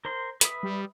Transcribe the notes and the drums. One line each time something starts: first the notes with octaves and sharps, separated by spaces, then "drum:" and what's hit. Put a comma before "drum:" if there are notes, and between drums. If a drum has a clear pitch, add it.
A#4 C5 C6
B4 E5 D#6, drum: hi-hat
G3